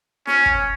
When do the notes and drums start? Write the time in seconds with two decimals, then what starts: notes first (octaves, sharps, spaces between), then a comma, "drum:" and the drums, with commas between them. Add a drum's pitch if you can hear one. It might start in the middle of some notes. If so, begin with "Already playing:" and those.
0.27 C#4, drum: snare
0.46 drum: kick